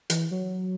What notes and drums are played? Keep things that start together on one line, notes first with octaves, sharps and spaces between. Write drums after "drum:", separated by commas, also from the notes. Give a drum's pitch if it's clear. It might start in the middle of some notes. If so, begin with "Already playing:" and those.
E3, drum: hi-hat
F#3